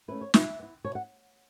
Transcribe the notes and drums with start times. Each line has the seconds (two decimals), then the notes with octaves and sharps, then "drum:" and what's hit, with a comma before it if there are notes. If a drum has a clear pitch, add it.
0.08 A3 C#4 E4 B4
0.21 C#5
0.34 B2 E5, drum: snare
0.59 B3 E4
0.84 B2 C#5
0.95 F#5